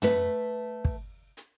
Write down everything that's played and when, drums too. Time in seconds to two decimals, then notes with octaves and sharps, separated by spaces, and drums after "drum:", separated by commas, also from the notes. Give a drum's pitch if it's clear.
0.02 A3 B4, drum: tom
0.85 drum: kick
1.37 drum: hi-hat